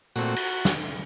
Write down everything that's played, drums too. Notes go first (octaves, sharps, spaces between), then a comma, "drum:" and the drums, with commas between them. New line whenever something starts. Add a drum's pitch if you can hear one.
A#2 A3 C4 F#4, drum: tambourine
drum: cymbal
drum: snare